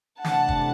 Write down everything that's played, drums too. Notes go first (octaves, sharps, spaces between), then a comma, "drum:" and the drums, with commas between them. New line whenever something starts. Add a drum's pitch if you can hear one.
C3 E3 A3 D4 F#5 A5, drum: snare
drum: kick